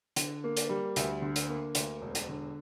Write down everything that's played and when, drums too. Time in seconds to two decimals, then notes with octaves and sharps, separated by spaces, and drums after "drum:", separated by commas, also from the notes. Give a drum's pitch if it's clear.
0.16 D3, drum: hi-hat
0.44 A#3
0.57 drum: hi-hat
0.69 G3
0.96 D2, drum: hi-hat
1.22 D3
1.36 drum: hi-hat
1.49 A#3
1.75 D2, drum: hi-hat
2.01 E1
2.15 drum: hi-hat
2.29 D3